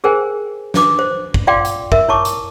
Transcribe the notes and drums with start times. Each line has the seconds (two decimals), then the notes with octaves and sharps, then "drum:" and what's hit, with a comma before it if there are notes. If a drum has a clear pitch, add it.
0.04 G#4 A#4 C5 G5 G#5
0.74 D4 B4 D6, drum: snare
0.99 C5
1.34 drum: kick
1.47 F4 D5 F5 G5 C6 D6
1.65 drum: hi-hat
1.92 A#4 E5, drum: kick
2.08 E4 C#5 A5 C#6 D6
2.25 drum: hi-hat